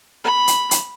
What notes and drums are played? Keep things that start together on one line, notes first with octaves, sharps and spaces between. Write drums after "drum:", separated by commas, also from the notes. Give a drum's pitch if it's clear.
B5
drum: hi-hat
drum: hi-hat